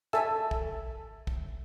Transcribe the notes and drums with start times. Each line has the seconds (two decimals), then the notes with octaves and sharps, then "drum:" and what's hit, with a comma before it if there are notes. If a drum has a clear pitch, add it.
0.13 A4 E5 G#5 A5 E6, drum: rim click
0.51 drum: kick
1.27 drum: kick